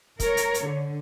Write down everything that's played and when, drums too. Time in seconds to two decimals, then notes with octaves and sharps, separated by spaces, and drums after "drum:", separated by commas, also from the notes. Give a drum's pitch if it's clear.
0.20 A#4 C#5, drum: kick, hi-hat
0.37 drum: hi-hat
0.54 drum: hi-hat
0.64 D3